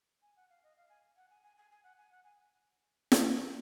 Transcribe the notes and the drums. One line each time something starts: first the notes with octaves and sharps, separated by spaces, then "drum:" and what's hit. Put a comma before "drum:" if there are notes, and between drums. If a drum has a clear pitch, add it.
G#5
F#5
F5
D#5
F5
G#5
F#5
G#5
G#5
G#5
G#5
F#5
G#5
F#5
G#5
drum: snare